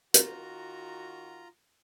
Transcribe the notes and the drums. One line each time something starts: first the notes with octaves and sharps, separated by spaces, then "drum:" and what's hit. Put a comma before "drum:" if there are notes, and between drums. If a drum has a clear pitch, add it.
D#3 F4 F#4 A#5, drum: hi-hat